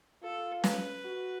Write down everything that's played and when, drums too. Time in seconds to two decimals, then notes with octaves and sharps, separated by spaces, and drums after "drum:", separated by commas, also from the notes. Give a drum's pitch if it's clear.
0.23 F4 A4
0.64 B4, drum: snare
1.05 F#4